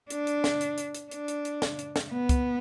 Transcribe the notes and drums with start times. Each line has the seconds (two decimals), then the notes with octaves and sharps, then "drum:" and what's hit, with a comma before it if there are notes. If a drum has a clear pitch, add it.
0.10 D4, drum: hi-hat
0.27 drum: hi-hat
0.44 drum: snare
0.61 drum: hi-hat
0.78 drum: hi-hat
0.95 drum: hi-hat
1.11 D4, drum: hi-hat
1.28 drum: hi-hat
1.45 drum: hi-hat
1.62 drum: snare
1.79 drum: hi-hat
1.96 drum: snare
2.12 B3
2.29 drum: kick C2, hi-hat